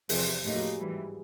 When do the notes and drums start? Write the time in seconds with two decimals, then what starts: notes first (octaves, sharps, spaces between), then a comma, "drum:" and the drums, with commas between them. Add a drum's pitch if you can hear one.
0.09 E2 C3 F3 G#4, drum: open hi-hat
0.26 G4
0.44 A2 F3 A#3 D#4 G4
0.54 F#4
0.63 G4
0.79 G#2 E3 G3